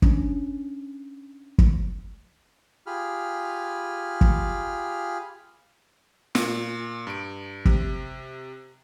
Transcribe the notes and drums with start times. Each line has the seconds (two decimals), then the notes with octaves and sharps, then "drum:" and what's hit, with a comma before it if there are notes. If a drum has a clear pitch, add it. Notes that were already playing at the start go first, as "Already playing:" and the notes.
0.02 C#4 D4, drum: kick
1.58 drum: kick
2.87 F4 G4 G#4 B5 F6
4.21 drum: kick
6.35 A#2, drum: snare
7.07 G2 D7
7.65 C3, drum: kick